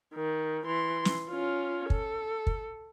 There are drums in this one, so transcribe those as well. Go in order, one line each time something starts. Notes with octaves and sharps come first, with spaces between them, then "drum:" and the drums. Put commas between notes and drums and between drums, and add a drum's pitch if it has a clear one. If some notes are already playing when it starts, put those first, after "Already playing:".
D#3
E3 C6
drum: snare
C#4 F4
A4, drum: kick
drum: kick